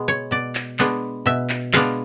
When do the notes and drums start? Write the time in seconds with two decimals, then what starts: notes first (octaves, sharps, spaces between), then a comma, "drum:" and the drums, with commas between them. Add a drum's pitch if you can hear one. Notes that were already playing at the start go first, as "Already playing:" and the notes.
Already playing: B2 G#3 B3
0.08 C#5
0.31 B2 D5
0.55 drum: clap
0.79 G#3 B3 D4, drum: clap
1.26 B2 E5
1.49 drum: clap
1.73 G#3 B3 D4 F5, drum: clap